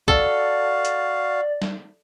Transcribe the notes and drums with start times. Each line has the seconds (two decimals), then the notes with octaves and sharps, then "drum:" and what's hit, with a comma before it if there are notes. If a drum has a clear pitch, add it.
0.08 F#4 A4 D5 F5, drum: kick
0.85 drum: hi-hat
1.62 drum: snare G3